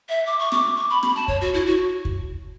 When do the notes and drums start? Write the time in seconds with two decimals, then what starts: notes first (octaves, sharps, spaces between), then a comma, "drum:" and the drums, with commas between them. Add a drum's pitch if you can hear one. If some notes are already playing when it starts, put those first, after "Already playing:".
0.09 E5
0.26 D6
0.39 C#6
0.52 D6, drum: snare
0.77 C#6
0.90 B5
1.03 B5, drum: snare
1.16 A5
1.28 C#5, drum: kick
1.41 F#4
1.54 E4
1.66 F#4
2.05 drum: kick